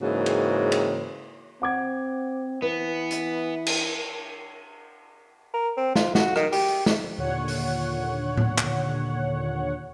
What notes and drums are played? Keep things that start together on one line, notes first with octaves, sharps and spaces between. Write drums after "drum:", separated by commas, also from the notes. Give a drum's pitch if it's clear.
G#2 C#3 E3 A#3 F#4
drum: cymbal
drum: cymbal
C4 F#5 D6 G#6
E3 B3 B4
drum: hi-hat
drum: cymbal
A#4
C4
F4, drum: snare
F#4, drum: snare
D#3, drum: rim click
G4, drum: open hi-hat
F2, drum: snare
D#2 A#2 D3 C#5 F#5
drum: open hi-hat
drum: tom A2
drum: clap